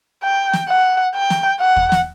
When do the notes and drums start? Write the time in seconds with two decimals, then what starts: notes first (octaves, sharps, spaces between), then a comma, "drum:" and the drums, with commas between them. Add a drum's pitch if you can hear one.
0.23 G5
0.53 drum: snare
0.69 F#5
1.15 G5
1.30 drum: snare
1.61 F#5
1.76 drum: kick
1.92 drum: snare